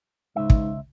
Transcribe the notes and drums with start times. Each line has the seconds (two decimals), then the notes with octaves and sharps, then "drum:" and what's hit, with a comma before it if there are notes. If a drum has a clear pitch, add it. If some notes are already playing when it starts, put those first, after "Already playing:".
0.36 C#2 G#2 E5
0.50 drum: kick